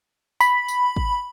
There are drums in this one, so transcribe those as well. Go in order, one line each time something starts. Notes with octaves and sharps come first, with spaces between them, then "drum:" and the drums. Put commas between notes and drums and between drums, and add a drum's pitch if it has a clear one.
B5, drum: tambourine
drum: tambourine
drum: kick